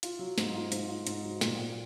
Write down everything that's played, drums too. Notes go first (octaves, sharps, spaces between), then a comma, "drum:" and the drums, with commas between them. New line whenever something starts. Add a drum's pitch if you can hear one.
F4, drum: hi-hat
F#3
G#2, drum: snare
F4
G#2, drum: hi-hat
F4
G#2, drum: hi-hat
F#3
A#2, drum: snare
A#2